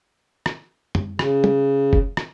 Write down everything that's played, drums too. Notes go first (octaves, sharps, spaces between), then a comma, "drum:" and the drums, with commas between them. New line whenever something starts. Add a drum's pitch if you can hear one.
drum: rim click
drum: tom
C#3, drum: rim click
drum: tom
drum: kick F1
drum: rim click